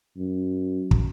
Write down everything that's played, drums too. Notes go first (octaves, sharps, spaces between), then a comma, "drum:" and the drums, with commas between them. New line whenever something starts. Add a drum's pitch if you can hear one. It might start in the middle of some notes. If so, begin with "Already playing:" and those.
F#2
drum: kick